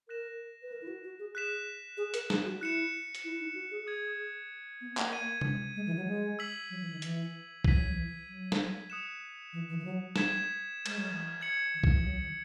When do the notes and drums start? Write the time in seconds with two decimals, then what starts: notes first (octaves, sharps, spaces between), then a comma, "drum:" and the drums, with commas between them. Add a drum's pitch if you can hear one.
0.09 A#4 F#6 A#6 E7
0.63 B4
0.72 A#4
0.82 E4
0.87 F#4
1.04 F#4
1.19 G#4
1.35 G#4 F#6 B6 E7
1.97 G#4
2.14 A#4, drum: hi-hat
2.30 G#4, drum: snare
2.45 F#4
2.61 E4 F#6 C#7 E7
3.15 drum: hi-hat
3.24 E4
3.40 D#4
3.55 F#4
3.71 G#4
3.87 G#4 D#6 G#6 D#7 F#7
4.81 B3
4.97 A#3, drum: clap
5.12 G#6 B6 D#7
5.41 drum: tom C3
5.76 G#3
5.86 E3
5.97 F#3
6.07 G#3
6.39 E6 B6 F#7
6.70 F#3
6.81 E3
6.92 D#3
7.02 E3, drum: hi-hat
7.64 E3 G#6 B6 D#7 F#7, drum: kick B1
7.77 F#3
7.91 E3
8.28 F#3
8.52 drum: snare
8.90 D#6 F#6 C#7 E7
9.53 E3
9.69 E3
9.80 E3
9.85 F#3
10.16 G#6 B6 E7, drum: snare
10.86 G#3, drum: cymbal
10.98 F#3
11.10 E3
11.41 G#6 C#7 F#7
11.74 D#3
11.84 E3, drum: kick B1
11.94 E3
12.05 F#3
12.20 D#3